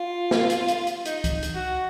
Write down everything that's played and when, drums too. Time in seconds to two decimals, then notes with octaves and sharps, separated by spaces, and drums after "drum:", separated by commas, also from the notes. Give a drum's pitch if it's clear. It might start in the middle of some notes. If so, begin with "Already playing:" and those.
Already playing: F4
0.31 drum: snare
0.50 drum: hi-hat
0.68 drum: hi-hat
0.87 drum: hi-hat
1.05 D#4, drum: hi-hat
1.24 drum: kick C#2, hi-hat
1.43 drum: hi-hat
1.55 F#4